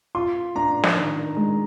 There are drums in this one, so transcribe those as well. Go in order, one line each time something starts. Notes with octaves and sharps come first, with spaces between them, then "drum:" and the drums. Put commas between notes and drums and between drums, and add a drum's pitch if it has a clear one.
F4 C6
D4 A#5
drum: snare
D#3
G#3